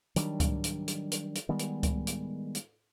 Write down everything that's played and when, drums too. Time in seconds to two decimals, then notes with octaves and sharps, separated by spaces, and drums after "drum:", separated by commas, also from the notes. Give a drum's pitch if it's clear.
0.16 D#3 F#3 G3 D4, drum: hi-hat
0.40 drum: kick C#2, hi-hat
0.64 drum: hi-hat
0.88 drum: hi-hat
1.12 drum: hi-hat
1.35 drum: hi-hat
1.49 D#3 G3 G#3 B3
1.59 drum: hi-hat
1.83 drum: kick C#2, hi-hat
2.07 drum: hi-hat
2.55 drum: hi-hat